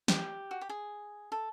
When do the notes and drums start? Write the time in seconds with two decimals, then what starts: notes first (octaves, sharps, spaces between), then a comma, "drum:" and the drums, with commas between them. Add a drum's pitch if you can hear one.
0.08 G4, drum: snare
0.51 F#4
0.61 G4
0.69 G#4
1.32 A4